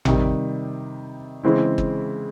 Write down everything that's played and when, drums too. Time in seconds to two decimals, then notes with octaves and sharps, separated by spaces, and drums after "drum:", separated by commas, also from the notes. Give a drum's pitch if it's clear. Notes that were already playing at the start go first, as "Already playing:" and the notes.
0.05 C3 D#3 G3, drum: tom A1
1.44 C#3 E3 G#3 C4 E4
1.78 drum: kick